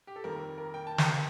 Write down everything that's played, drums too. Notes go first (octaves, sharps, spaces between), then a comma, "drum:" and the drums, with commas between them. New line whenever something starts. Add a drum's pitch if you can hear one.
G4
A4
F2 D#3 G3 A#3 A#4
A#4
G5
A5
A#5, drum: snare